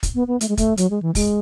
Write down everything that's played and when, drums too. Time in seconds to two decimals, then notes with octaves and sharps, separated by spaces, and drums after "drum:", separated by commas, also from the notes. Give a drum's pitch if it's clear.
0.03 drum: kick, hi-hat
0.15 B3
0.27 B3
0.41 A3, drum: hi-hat
0.48 G#3
0.57 A3, drum: kick, hi-hat
0.77 F#3, drum: hi-hat
0.90 G#3
1.02 E3
1.15 G#3, drum: kick, open hi-hat